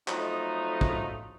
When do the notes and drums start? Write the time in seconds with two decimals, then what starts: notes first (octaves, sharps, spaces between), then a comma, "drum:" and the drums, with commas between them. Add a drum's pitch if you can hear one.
0.08 F2 F3 F#3 A3 B3 D#4, drum: clap
0.81 drum: kick